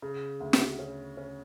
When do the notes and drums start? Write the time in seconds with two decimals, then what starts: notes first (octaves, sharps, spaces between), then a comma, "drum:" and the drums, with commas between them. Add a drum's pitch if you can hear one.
0.02 C#3
0.40 D2
0.53 drum: snare
0.79 C#4
1.17 C#4